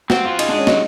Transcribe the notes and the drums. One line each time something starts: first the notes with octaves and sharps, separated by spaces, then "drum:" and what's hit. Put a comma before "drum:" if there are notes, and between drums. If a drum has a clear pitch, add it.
C4 F#4, drum: snare
F4
D#4 G#4, drum: cymbal
D4
G#3
C#4
F#3 D#4, drum: snare